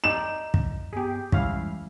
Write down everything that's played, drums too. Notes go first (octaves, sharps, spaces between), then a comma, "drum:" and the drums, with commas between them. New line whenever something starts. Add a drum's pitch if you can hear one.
D#4 D5 E7
drum: kick
G2 B3 G4 G#4
E3 G3 G#3 C#4 E4 F5, drum: kick